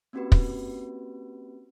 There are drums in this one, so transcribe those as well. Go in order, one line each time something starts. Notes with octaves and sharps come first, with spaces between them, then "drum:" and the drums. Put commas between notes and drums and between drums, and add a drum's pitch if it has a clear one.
A#3 C4 C#4 F#4 G4 B4
drum: kick